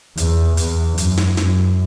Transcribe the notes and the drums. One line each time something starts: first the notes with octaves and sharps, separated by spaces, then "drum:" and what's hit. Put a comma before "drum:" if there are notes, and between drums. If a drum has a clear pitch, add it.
E2, drum: hi-hat
E2, drum: hi-hat
F#2, drum: hi-hat
drum: snare
F#2, drum: snare